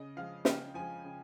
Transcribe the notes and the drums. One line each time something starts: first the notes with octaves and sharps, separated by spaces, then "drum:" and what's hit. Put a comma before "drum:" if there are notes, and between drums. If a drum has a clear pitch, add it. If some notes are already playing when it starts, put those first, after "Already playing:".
Already playing: C#3 D#5
F3 G#3 F5
C#3 G5, drum: snare
F3 G#3 G#5
C#3